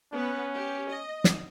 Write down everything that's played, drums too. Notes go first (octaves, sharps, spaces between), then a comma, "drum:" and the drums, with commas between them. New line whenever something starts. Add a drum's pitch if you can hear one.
B3 C#4 B4
G4
D#5
drum: snare